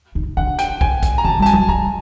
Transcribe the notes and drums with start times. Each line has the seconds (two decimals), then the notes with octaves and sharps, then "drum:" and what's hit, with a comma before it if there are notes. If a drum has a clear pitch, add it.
0.15 D#4
0.37 D4 F#5
0.59 G5, drum: hi-hat
0.81 G#5, drum: kick
1.03 drum: kick, hi-hat
1.18 A#5
1.25 C#4 A5
1.39 G3
1.42 A5
1.46 G#5, drum: hi-hat
1.53 F#3
1.68 G3 A#5